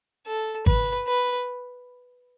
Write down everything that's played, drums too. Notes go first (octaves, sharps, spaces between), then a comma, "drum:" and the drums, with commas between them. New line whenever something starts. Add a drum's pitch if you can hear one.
A4
B4, drum: kick G#1
B4